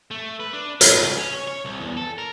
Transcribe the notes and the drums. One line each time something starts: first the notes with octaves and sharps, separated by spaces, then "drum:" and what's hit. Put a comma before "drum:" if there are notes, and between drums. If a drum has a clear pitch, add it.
A3
B4
D4
B4, drum: hi-hat
C#2
C#4
C#5
C#5
C2
E2
A4
A#4